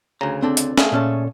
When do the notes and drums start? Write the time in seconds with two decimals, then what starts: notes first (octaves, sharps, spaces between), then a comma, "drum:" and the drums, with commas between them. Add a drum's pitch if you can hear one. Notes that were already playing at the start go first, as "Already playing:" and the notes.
0.21 D2 C#3 A#5
0.42 C4 D4 A4
0.57 drum: hi-hat
0.78 A3 G#4 F5, drum: snare
0.92 A#2 C#4 A4